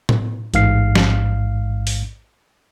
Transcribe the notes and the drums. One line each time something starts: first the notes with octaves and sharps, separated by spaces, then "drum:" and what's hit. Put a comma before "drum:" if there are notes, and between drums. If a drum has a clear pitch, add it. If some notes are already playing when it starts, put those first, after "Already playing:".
drum: tom A2
A1 G#2 F5 F6 C7, drum: hi-hat
drum: snare
drum: open hi-hat